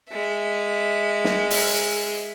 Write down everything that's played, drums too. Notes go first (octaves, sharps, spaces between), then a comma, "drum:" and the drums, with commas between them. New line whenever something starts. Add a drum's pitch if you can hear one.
G#3 E5
drum: snare
drum: open hi-hat